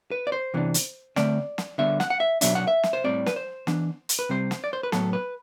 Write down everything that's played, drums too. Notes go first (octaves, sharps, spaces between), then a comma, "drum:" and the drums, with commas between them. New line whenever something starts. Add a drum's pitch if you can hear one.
B4
D5
C5
C3 E3 B3 D4
drum: hi-hat
D3 A3 C4 D5, drum: snare
drum: snare
D3 G3 B3 E5
F#5, drum: snare
F#5
E5
B2 F#3 B3 D4 E5, drum: hi-hat
F#5
E5
drum: snare
C5
A2 G3 C4 D5
B4, drum: snare
C5
E3 B3 D4, drum: snare
drum: hi-hat
B4
C3 G3 C4 C5
drum: snare
D5
C5
B4
A2 F#3 B3 A4, drum: snare
B4